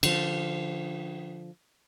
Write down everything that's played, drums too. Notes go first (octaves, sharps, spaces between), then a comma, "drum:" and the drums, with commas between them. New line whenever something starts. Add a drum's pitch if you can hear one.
D3 F3, drum: cymbal